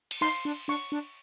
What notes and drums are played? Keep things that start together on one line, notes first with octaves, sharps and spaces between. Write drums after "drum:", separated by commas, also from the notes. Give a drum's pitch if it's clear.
drum: cymbal
D#4 C6
D4
D4 C#6
D4